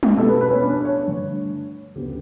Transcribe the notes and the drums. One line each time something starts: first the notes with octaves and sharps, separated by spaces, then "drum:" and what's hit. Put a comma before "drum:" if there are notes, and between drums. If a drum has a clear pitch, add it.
drum: tom G3
B2 G3 B3 A4
B4
B4
C#4
D4
D4
C#5
G2 D3 A3
D2 C#3 G3 B3 G4